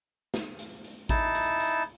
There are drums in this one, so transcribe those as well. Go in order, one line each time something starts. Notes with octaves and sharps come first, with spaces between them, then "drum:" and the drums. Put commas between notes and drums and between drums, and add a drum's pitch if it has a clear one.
drum: snare
drum: hi-hat
drum: hi-hat
D#4 E4 A5, drum: kick A1, hi-hat
drum: hi-hat
drum: hi-hat